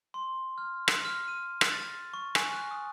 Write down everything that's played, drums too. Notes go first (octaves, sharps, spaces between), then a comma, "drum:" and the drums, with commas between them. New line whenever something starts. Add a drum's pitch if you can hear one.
C6
F6
drum: rim click
F6
D#7
drum: rim click
A6
C#6
G#5, drum: rim click
F#6
D#6